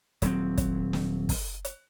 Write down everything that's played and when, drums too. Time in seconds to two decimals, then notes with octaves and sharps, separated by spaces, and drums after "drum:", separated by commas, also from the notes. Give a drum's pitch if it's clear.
0.22 D#1 G2 F#3 C4, drum: hi-hat
0.58 drum: kick, hi-hat
0.93 drum: snare
1.29 drum: kick, open hi-hat
1.65 drum: hi-hat